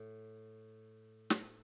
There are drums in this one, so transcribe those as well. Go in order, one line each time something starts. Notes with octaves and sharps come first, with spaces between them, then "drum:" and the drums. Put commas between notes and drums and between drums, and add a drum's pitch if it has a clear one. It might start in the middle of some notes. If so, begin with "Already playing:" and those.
Already playing: A2
drum: snare